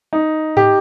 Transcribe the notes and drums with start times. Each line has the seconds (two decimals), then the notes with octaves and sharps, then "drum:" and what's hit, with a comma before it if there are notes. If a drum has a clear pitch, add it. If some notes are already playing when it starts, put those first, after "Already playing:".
0.13 D#4
0.57 G4, drum: tom G#2